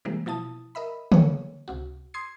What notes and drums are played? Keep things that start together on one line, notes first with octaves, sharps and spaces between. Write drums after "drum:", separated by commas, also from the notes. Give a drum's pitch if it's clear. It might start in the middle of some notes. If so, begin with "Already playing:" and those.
C3 E3 G3 G#3 A#3
B2 F3 E4 A5 D#6
A#4 D#5 E5 B5
A#3 C#5, drum: tom
C#2 C3 F#4
C6 D#6 G#6 C7